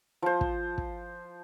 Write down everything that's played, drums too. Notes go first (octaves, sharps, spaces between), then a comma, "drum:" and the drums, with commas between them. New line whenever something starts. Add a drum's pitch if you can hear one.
F3 C5
drum: kick
drum: kick